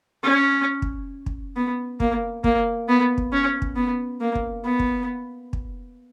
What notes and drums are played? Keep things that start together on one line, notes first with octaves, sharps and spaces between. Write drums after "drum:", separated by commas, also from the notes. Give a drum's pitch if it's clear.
C#4
drum: kick
drum: kick
B3
A#3, drum: kick
A#3, drum: kick
B3
drum: kick
C#4
drum: kick
B3
A#3
drum: kick
B3
drum: kick
drum: kick